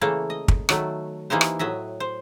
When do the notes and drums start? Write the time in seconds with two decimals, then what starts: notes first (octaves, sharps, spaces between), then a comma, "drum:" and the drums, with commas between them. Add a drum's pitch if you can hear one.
0.01 C#3 E3 A3 A#3 A4
0.30 D#5
0.48 drum: kick
0.69 D#3 F#3 A3, drum: rim click
1.30 E3 A#3 D#4 G4 C5
1.41 drum: rim click
1.59 A2 F#3 D#5 E5
2.00 C5